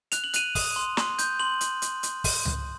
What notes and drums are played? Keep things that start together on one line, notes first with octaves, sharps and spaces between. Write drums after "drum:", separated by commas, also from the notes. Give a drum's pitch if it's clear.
F#6 F7, drum: hi-hat
F#7
F#6 D#7 F7, drum: hi-hat
D#6, drum: kick, open hi-hat
C6
C6, drum: snare
G6, drum: hi-hat
C6 F#7
drum: hi-hat
drum: hi-hat
drum: hi-hat
drum: kick, open hi-hat
drum: tom C#2